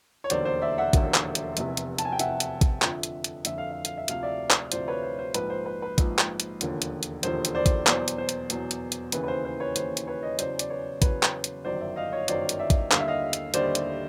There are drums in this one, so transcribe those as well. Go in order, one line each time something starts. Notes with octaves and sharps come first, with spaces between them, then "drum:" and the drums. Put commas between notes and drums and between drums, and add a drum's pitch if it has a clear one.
C#5
E1 D#2 D3 F#3 C5 D5, drum: hi-hat
C5 D5
D5 E5
E5 F#5
E1 D#2 D3 F#3, drum: kick A1, hi-hat
drum: clap
drum: hi-hat
F1 E2 C3, drum: hi-hat
drum: hi-hat
A5, drum: hi-hat
G#5
G5
F1 E2 C3 E5 F#5, drum: hi-hat
drum: hi-hat
drum: kick A1, hi-hat
F2 D3 F3, drum: clap
drum: hi-hat
drum: hi-hat
F2 D3 F3 E5, drum: hi-hat
F5
E5
F5, drum: hi-hat
E5
D2 C3 F3 F5, drum: hi-hat
D5 E5
drum: clap
D2 C3 F3 C5 D5, drum: hi-hat
B4 C#5
C5
C5
A#1 G#2 F3 B4, drum: hi-hat
C5
B4
B4
A#1 G#2 F3, drum: kick A1, hi-hat
drum: clap
drum: hi-hat
E1 D#2 D3 F3, drum: hi-hat
drum: hi-hat
drum: hi-hat
E1 D#2 D3 F3 C5, drum: hi-hat
drum: hi-hat
C5 D5
drum: kick A1, hi-hat
E2 B2 F#3 C5 D5, drum: clap
drum: hi-hat
C5
drum: hi-hat
E2 B2 F#3, drum: hi-hat
drum: hi-hat
drum: hi-hat
D#2 C#3 E3 B4, drum: hi-hat
B4
C5
C5
B4 C#5
D#2 C#3 E3 C5, drum: hi-hat
drum: hi-hat
B4 C#5
C#5 D#5
E2 C#3 F#3 C5 D5, drum: hi-hat
D5, drum: hi-hat
B4 C#5
E2 C#3 F#3 B4 C#5, drum: kick A1, hi-hat
drum: clap
drum: hi-hat
G1 F#2 D#3 F#3 C5 D5
D5 E5
D#5 F5
C#5 D#5
G1 F#2 D#3 F#3 C5 D5, drum: hi-hat
drum: hi-hat
D5 E5
drum: kick A1, hi-hat
D#2 D3 G3 F5, drum: clap
E5
D#5 F5
drum: hi-hat
D#2 D3 G3 C5 D5, drum: hi-hat
drum: hi-hat